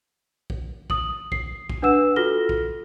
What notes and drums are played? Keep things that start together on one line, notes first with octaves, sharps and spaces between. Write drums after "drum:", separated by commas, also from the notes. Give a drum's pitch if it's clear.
drum: kick
D#6 F#7, drum: kick
C7, drum: kick
drum: kick
D4 B4 F#5 E6 E7
F4 F#4 A4 F6 A#6 G7
drum: kick